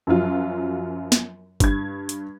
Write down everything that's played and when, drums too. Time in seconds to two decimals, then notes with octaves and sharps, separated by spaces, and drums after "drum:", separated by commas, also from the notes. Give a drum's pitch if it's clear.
0.07 F#2 F3 F#3 F4
1.12 drum: snare
1.60 G2 G#6, drum: kick G1, hi-hat
2.09 drum: hi-hat